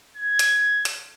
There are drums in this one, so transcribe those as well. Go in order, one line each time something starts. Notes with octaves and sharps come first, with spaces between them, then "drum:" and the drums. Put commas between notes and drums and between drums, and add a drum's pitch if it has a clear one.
G#6
drum: hi-hat
drum: hi-hat